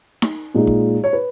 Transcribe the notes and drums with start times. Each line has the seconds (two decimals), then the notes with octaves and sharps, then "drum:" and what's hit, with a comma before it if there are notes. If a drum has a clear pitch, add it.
0.22 drum: snare D#4
0.55 A#2 G#3 D#4
0.67 drum: kick
1.04 C#5
1.13 B4